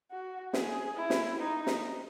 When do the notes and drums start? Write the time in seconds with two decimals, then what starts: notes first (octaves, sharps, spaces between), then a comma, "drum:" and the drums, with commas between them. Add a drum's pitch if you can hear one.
0.11 F#4
0.53 G#4, drum: snare
0.96 E4
1.10 drum: snare
1.38 D#4
1.67 drum: snare